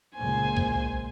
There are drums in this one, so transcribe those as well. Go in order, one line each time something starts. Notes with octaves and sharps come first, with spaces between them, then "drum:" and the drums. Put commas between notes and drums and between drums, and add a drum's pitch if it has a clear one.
C#2 A#2 C5 G#5
drum: kick A#1